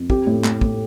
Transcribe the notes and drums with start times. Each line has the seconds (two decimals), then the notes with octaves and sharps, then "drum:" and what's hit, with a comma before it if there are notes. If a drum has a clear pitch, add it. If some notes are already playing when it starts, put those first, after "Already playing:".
Already playing: F2
0.10 C4 G4, drum: kick
0.27 A2
0.44 A2, drum: clap
0.61 A2, drum: kick